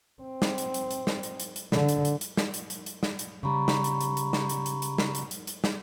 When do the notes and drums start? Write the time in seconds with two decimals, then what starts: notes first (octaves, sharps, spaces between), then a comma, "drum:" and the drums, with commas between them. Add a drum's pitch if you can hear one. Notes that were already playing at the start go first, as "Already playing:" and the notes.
0.22 C4
0.42 drum: snare
0.58 drum: hi-hat
0.74 drum: hi-hat
0.91 drum: hi-hat
1.07 drum: snare
1.23 drum: hi-hat
1.40 drum: hi-hat
1.56 drum: hi-hat
1.72 D3, drum: snare
1.88 drum: hi-hat
2.05 drum: hi-hat
2.21 drum: hi-hat
2.37 drum: snare
2.54 drum: hi-hat
2.70 drum: hi-hat
2.86 drum: hi-hat
3.03 drum: snare
3.19 drum: hi-hat
3.43 C#3 G3 A#5 B5 C#6
3.68 drum: snare
3.84 drum: hi-hat
4.01 drum: hi-hat
4.17 drum: hi-hat
4.33 drum: snare
4.49 drum: hi-hat
4.66 drum: hi-hat
4.82 drum: hi-hat
4.98 drum: snare
5.15 drum: hi-hat
5.31 drum: hi-hat
5.47 drum: hi-hat
5.64 drum: snare